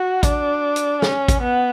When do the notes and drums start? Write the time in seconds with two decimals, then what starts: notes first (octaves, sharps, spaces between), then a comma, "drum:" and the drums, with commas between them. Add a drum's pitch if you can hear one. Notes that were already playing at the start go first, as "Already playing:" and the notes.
Already playing: F#4
0.23 D4, drum: kick, hi-hat
0.76 drum: hi-hat
1.02 C#4, drum: snare
1.28 drum: kick, hi-hat
1.42 B3